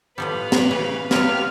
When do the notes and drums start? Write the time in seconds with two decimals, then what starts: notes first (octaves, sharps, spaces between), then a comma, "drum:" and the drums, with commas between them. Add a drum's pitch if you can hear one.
0.18 A2 F3 G3 B3 B4 F5
0.52 drum: snare
0.71 C#3 E3
1.11 C3 B3 F4 B4 F5 F6, drum: snare